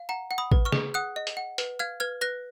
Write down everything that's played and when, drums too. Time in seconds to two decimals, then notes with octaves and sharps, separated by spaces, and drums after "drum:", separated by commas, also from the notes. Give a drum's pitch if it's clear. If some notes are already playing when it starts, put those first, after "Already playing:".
Already playing: F5
0.09 F#5 A#5
0.31 F#5
0.38 B5 D#6
0.52 B4, drum: kick
0.65 C#6 F6
0.72 G#4, drum: snare
0.94 F#5 D#6 F#6
1.16 D#5
1.27 drum: hi-hat
1.37 F#5
1.58 B4, drum: hi-hat
1.79 F5 F6 G#6
2.00 B4 F6 G#6
2.21 B4 F#6 A#6